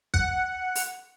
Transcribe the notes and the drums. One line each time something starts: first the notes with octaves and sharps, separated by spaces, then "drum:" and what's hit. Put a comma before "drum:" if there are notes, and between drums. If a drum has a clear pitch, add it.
F#5, drum: kick
drum: open hi-hat